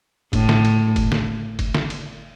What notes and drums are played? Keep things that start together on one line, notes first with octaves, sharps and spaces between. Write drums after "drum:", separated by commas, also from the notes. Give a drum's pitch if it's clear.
A2, drum: kick, cymbal
drum: snare
drum: cymbal
drum: kick, cymbal
drum: snare
drum: kick, cymbal
drum: snare
drum: cymbal